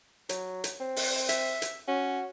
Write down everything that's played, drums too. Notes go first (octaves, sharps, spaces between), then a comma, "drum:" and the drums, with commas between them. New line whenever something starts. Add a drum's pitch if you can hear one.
F#3, drum: hi-hat
drum: hi-hat
C4
drum: open hi-hat
E5, drum: hi-hat
drum: hi-hat
C#4 F#4